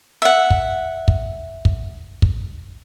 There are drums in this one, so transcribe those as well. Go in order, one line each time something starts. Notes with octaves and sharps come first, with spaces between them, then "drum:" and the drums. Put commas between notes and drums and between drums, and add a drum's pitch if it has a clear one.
E5 F#5
drum: kick
drum: kick
drum: kick
drum: kick